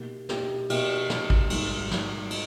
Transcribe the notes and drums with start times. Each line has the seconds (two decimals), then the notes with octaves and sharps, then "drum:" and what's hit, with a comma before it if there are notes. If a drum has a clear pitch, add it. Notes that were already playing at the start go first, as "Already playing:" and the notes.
Already playing: B2 A#3 D#4 G4
0.29 B2 A#3 D#4 G4, drum: snare
0.70 B2 A#3 D#4 G4, drum: cymbal
1.10 B2 A#3 D#4 G4, drum: snare
1.30 drum: kick
1.50 G#2 G3 A#3 D#4, drum: cymbal
1.91 G#2 G3 A#3 D#4, drum: snare
2.31 D#4, drum: cymbal